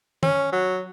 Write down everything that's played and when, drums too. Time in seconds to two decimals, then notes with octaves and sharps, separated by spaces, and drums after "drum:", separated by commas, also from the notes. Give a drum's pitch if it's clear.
0.23 C#4, drum: tom
0.52 F#3